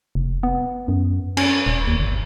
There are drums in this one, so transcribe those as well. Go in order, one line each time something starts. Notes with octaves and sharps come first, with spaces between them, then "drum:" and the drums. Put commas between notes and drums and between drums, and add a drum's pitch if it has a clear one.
F1
B3
F#2
C#4, drum: cymbal
D#1
D#2
G1